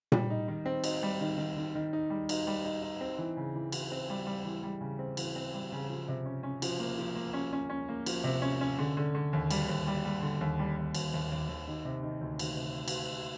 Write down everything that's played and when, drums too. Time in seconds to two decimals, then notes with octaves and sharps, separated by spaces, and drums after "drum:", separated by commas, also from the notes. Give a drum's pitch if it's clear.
0.12 G3, drum: tom A#2
0.30 D#4
0.48 D#3
0.66 C4
0.84 D#4, drum: cymbal
1.03 G3
1.21 D#3
1.38 D#3
1.57 D#3
1.75 D#3
1.93 D#4
2.10 G3
2.29 D#4, drum: cymbal
2.47 G3
2.64 D#4
2.82 D#4
3.01 C4
3.18 E3
3.37 C#3
3.56 E3
3.72 E3, drum: cymbal
3.92 C4
4.10 G3
4.27 G3
4.45 E3
4.64 G3
4.81 C#3
4.99 C4
5.17 E3, drum: cymbal
5.36 C4
5.54 G3
5.72 C#3
5.90 F3
6.08 C3
6.26 C#4
6.43 C#4
6.62 F3, drum: cymbal
6.79 A#3
6.98 F3
7.16 A#3
7.33 C#4
7.53 C#4
7.70 C#4
7.88 A#3
8.06 F3, drum: cymbal
8.24 C3
8.42 C#4
8.61 C#4
8.78 D3
8.97 D3
9.15 D3
9.33 D#2
9.51 G3, drum: cymbal
9.69 D#2
9.87 G3
10.05 G3
10.22 D3
10.41 D#2
10.59 G3
10.77 D#2
10.94 D#2, drum: cymbal
11.14 D#2
11.32 D#2
11.49 D#2
11.68 D#3
11.85 C3
12.03 D#3
12.21 D2
12.39 D#3, drum: cymbal
12.57 C3
12.88 drum: cymbal